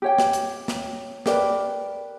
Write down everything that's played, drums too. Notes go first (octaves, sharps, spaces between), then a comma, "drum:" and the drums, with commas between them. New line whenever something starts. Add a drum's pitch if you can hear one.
G4 C#5 G5
drum: snare
drum: hi-hat
drum: snare
G4 A#4 B4 D5, drum: snare